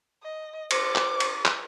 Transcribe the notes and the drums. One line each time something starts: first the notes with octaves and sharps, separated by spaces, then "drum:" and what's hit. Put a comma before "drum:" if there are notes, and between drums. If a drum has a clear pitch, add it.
D#5
C5 D6, drum: cymbal
drum: clap
drum: cymbal
drum: clap